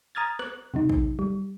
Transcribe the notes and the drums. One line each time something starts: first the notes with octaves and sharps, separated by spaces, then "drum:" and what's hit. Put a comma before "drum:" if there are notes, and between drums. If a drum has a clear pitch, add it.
A#5 D#6 F6 G#6 A6
F#6, drum: rim click
C3 F#3 D#4
drum: kick
G3